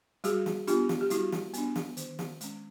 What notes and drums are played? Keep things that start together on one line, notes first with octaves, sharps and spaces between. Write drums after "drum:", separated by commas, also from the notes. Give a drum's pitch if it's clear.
G3 F#4 G#4, drum: hi-hat
drum: snare
B3 D4 F4 G4, drum: hi-hat
drum: snare
G4
G3 E4 F#4, drum: hi-hat
drum: snare
B3 D4, drum: hi-hat
drum: snare
D#3, drum: hi-hat
drum: snare
G#3 C#4, drum: hi-hat